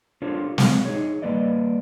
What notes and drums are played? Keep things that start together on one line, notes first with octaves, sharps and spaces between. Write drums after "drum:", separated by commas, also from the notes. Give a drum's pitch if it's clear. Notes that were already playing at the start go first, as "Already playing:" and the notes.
D4 F4 G4 A4 C5 C#5
G#3, drum: snare
D#4 G#4 C#5
G3 A#3 B4 D5 D#5